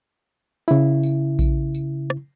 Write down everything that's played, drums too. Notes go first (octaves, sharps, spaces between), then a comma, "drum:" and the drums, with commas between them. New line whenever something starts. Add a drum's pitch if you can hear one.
C#3 E4, drum: tambourine
drum: tambourine
drum: kick A#1, tambourine
drum: tambourine
drum: rim click